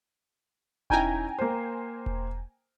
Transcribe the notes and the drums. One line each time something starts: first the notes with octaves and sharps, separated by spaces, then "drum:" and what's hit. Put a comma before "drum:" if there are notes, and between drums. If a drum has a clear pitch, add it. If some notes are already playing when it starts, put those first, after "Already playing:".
C#4 D#4 E4 G5 G#5 A#5, drum: kick E1
A#3 C5
drum: kick E1